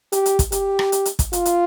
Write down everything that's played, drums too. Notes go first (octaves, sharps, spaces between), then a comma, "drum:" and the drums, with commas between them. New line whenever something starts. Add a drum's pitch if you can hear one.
G4, drum: hi-hat
drum: hi-hat
drum: kick, hi-hat
G4, drum: hi-hat
drum: rim click
drum: hi-hat
drum: hi-hat
drum: kick, hi-hat
F4, drum: hi-hat
drum: hi-hat